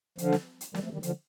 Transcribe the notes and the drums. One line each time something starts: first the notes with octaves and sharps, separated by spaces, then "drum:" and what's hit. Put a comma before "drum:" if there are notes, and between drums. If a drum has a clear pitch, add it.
D3 F3, drum: hi-hat
drum: snare
drum: hi-hat
D#3 G3, drum: snare
F3 A3
D#3 G3
D3 F3, drum: hi-hat